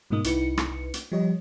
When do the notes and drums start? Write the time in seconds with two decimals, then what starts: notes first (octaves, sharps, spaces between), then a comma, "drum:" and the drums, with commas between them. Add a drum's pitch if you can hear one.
0.10 G#2 B2 G#3 A#3 D#4 D#6
0.24 C2 D#4 E4 B4 C#7, drum: hi-hat
0.57 drum: rim click
0.94 drum: hi-hat
1.12 F3 G3 G4 C#5 D#5